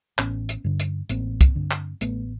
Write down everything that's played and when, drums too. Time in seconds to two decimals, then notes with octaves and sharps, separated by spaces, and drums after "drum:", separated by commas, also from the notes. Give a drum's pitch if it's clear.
0.19 A1 B3 C#4, drum: clap
0.49 drum: hi-hat
0.64 G2 D3
0.80 drum: hi-hat
1.09 A1 A#3 C4, drum: hi-hat
1.41 drum: kick, hi-hat
1.55 G2 D3
1.71 drum: clap
2.01 A1 A3 B3, drum: hi-hat